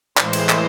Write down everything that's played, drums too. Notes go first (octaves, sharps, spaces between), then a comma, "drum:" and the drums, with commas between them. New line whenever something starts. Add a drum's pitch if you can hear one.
A2 E3 G#3 C5, drum: clap
drum: cymbal
drum: clap